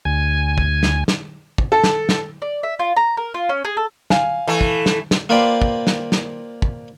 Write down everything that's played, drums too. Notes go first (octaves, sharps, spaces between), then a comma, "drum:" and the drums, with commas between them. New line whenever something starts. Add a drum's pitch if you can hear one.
D2 G#5
drum: kick
drum: snare
drum: snare
drum: kick
A4
drum: snare
drum: snare
D5
E5
F4
A#5
A#4
F4
C#4
G#4
A4
F5 G#5, drum: snare
E3 A3
drum: kick
drum: snare
drum: snare
A#3 F4 B4 C5 D5 G5
drum: kick
drum: snare
drum: snare
drum: kick